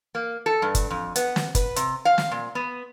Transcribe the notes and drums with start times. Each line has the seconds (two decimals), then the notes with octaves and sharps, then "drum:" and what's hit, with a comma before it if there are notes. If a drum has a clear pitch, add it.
0.15 A#3
0.46 A4
0.62 G2
0.75 drum: kick, hi-hat
0.90 F2
1.16 B3, drum: hi-hat
1.36 drum: snare
1.55 B4, drum: kick, hi-hat
1.76 C3, drum: hi-hat
2.05 F5
2.18 drum: snare
2.31 A#2
2.55 B3